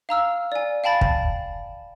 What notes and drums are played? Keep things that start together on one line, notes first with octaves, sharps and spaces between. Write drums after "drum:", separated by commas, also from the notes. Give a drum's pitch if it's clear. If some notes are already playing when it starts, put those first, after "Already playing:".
F5 A#5 E6 F6
D5 G#5
F5 G5 A5 B5 A6
drum: kick